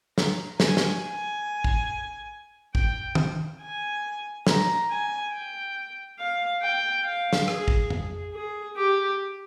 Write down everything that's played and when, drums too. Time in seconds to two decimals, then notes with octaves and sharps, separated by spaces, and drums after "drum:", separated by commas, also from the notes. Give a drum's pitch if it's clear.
0.18 A#5, drum: snare
0.60 G#5, drum: snare
0.77 drum: snare
1.04 G#5
1.64 drum: kick A1
2.75 G5, drum: kick A1
3.15 drum: tom
3.62 G#5
4.47 A#5, drum: snare
4.91 G#5
5.33 G5
6.19 F5
6.62 G5
7.05 F5
7.33 drum: snare
7.48 G#4, drum: rim click
7.68 drum: kick A1
7.90 G#4, drum: tom F2
8.34 G#4
8.77 G4